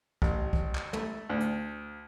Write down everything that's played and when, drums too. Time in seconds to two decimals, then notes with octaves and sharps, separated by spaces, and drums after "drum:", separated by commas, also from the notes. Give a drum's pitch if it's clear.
0.22 A1, drum: kick
0.53 drum: kick
0.75 drum: clap
0.93 A3, drum: tom
1.29 D2
1.40 drum: hi-hat